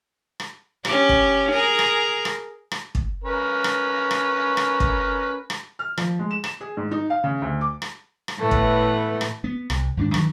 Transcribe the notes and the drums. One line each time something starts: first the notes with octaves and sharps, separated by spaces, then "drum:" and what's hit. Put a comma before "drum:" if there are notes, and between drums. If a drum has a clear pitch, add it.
drum: rim click
C#4 G4, drum: rim click
drum: kick
G#4 A#4
drum: rim click
drum: rim click
drum: rim click
drum: kick
C#4 A#4 B4
drum: rim click
drum: rim click
drum: rim click
drum: kick
drum: rim click
F6
F3, drum: rim click
G#3
E7
E7, drum: rim click
G#4
G#2
D#4
F5
C#3
D2
D6
drum: rim click
drum: rim click
A2 E3 A3 B3
drum: kick
drum: rim click
B3
C2, drum: rim click
D#2 G#2 A#3 D4
G2 D#3 E3 F#3, drum: rim click